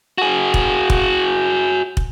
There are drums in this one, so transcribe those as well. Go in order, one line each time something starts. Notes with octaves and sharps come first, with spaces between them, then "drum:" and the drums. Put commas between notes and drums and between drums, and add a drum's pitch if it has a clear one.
F#4 G#4
drum: kick
drum: kick
drum: kick